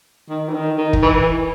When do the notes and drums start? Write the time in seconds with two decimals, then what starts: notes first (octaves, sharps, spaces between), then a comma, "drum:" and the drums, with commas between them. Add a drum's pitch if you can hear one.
0.30 D#3
0.49 E3
0.54 D#3
0.78 D#3
0.93 drum: kick
1.03 E3